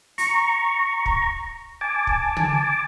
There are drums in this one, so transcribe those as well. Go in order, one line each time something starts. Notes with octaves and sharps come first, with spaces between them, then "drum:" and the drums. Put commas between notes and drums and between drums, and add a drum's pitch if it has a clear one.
A#5 C#6, drum: open hi-hat
drum: kick
G#5 A5 D6
drum: kick
drum: tom